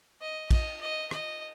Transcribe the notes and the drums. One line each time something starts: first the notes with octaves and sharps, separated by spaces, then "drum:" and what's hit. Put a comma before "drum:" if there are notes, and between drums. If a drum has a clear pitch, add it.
D#5
D#5, drum: kick, cymbal
D#5
D#5, drum: rim click